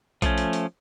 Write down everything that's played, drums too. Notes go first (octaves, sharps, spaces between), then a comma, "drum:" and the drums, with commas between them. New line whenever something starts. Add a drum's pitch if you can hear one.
F3 A3 C#4, drum: kick A#1, hi-hat
drum: hi-hat
drum: hi-hat